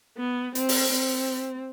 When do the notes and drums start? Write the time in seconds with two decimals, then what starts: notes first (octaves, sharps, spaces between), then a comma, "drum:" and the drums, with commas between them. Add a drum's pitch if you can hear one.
0.17 B3
0.55 C4, drum: hi-hat
0.69 drum: open hi-hat
0.92 C4